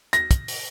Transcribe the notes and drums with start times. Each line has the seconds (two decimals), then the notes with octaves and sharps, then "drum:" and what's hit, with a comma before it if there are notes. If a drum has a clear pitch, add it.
0.13 A#6, drum: hi-hat
0.31 drum: kick, hi-hat
0.48 drum: open hi-hat